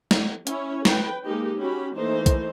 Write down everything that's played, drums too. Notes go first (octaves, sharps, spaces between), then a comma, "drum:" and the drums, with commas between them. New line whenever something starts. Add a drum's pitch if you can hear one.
drum: snare
C#4 E4 C#5, drum: hi-hat
B4 G5, drum: snare
G#3 A#3 D#4 G4
C#4 F#4 G4 B5
E3 A3 A#3 D#4 C5
drum: kick, hi-hat